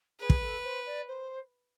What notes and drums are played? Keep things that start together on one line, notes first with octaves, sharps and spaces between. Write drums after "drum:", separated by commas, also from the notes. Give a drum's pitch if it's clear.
G#4 B4
drum: kick
A4
C5
D5
C5